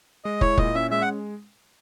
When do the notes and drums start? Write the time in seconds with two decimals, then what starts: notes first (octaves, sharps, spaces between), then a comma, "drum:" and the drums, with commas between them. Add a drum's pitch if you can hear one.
0.25 G#3 D#5
0.41 E4 C#5, drum: kick
0.58 A#2 D#5, drum: kick
0.75 C#4 E5
0.91 G#3 E5
1.02 F#5